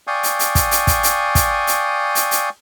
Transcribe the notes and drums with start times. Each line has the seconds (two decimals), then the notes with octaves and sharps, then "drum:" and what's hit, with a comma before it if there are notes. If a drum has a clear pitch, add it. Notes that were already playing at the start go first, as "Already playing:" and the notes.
0.07 D5 F5 G5 G#5 C#6 D#6
0.23 drum: hi-hat
0.39 drum: hi-hat
0.55 drum: kick, hi-hat
0.71 drum: hi-hat
0.87 drum: kick, hi-hat
1.03 drum: hi-hat
1.35 drum: kick, hi-hat
1.67 drum: hi-hat
2.15 drum: hi-hat
2.31 drum: hi-hat